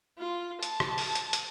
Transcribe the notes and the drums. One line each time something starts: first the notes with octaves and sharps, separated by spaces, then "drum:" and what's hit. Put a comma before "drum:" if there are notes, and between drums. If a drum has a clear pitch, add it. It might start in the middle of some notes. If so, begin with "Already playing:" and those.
F4
A5, drum: hi-hat
drum: rim click
drum: open hi-hat
drum: hi-hat
drum: hi-hat